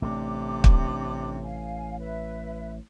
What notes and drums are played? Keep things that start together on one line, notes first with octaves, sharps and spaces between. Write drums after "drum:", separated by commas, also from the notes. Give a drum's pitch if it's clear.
A1 C3 A3 D4 D6
drum: kick
F5 G#5
B4 E5